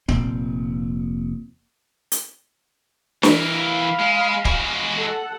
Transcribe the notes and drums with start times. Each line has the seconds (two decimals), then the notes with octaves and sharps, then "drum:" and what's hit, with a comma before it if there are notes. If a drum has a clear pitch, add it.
0.08 F1 A#2 C4, drum: kick D1
2.12 drum: hi-hat
3.23 E3 A#4, drum: snare
3.54 F5 B5
3.99 G#3
4.45 G#3 F#4, drum: kick D1
4.98 A4 F#5